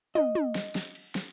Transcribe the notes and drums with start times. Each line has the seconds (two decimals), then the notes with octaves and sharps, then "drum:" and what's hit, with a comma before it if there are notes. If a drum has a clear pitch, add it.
0.15 D#5, drum: tom
0.35 drum: tom
0.55 drum: snare
0.75 drum: snare
0.95 drum: cymbal
1.15 drum: snare